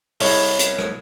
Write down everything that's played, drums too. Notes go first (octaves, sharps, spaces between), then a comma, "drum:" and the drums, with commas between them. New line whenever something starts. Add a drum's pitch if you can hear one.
C2 C#5 D#5 B5, drum: open hi-hat
drum: hi-hat
drum: rim click